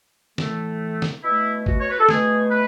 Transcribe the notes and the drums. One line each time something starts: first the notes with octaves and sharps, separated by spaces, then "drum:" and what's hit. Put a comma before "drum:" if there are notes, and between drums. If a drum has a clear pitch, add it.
A2 E3 A3, drum: snare
drum: snare
B2 A3 E4
F#4, drum: kick G#1
C#5
B4
A4
B2 A3 G#4, drum: snare
B4